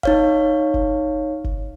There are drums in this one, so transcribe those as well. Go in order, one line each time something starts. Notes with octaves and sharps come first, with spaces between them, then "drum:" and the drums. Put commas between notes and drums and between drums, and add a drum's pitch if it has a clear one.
D#4 C#5 F5, drum: kick F#1
drum: kick F#1
drum: kick F#1